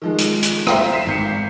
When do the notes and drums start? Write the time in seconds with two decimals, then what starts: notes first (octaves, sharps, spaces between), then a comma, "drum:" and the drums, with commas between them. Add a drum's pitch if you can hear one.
0.02 D#3 F3 G#3
0.18 drum: hi-hat
0.43 drum: hi-hat
0.67 C5 E5 F5 G5 A#5, drum: rim click
0.92 B6 C7 E7
1.06 G#1 G6 C#7